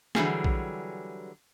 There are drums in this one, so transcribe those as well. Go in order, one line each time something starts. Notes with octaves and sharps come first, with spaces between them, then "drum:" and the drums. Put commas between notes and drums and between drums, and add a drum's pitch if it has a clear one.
D3 E3 F#3 G3 C#4 G#4, drum: snare
drum: kick A#1